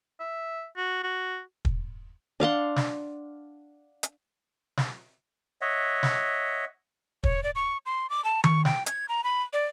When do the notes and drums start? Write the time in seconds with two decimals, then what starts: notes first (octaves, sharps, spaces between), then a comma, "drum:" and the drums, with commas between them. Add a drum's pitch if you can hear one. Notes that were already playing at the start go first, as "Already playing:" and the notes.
0.20 E5
0.77 F#4
1.03 F#4
1.65 drum: kick
2.40 D4 F5 F#5 C6
2.76 drum: snare
4.03 drum: hi-hat
4.77 drum: snare
5.61 C#5 D#5 E5 F#5
6.03 drum: snare
7.24 C#5, drum: kick
7.43 D5
7.55 C#6
7.86 C6
8.10 D6
8.25 A5
8.44 C#6, drum: tom D#3
8.65 G5, drum: snare
8.86 G#6, drum: hi-hat
9.09 A#5
9.24 B5
9.53 D5